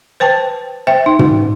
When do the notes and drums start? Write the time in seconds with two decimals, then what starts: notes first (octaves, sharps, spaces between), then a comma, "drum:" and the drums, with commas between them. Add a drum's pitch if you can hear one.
0.20 B4 C5 G5 A5
0.87 C5 E5 G5
1.06 D#4
1.19 drum: tom